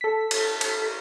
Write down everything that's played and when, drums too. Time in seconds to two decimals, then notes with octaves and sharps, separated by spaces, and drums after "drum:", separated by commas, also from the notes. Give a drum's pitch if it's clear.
0.01 A4 B6
0.31 drum: cymbal
0.61 drum: cymbal